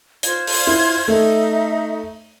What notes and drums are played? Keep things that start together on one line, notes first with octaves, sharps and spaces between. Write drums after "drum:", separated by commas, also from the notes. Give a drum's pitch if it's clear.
F4 C5 G#6, drum: hi-hat
drum: open hi-hat
E4
A3 D#4 E5